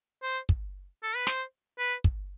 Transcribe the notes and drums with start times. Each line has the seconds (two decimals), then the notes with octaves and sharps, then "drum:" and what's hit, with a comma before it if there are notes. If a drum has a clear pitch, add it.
0.23 C5
0.49 drum: kick
1.03 A4
1.15 B4
1.27 C5, drum: snare
1.79 B4
2.04 drum: kick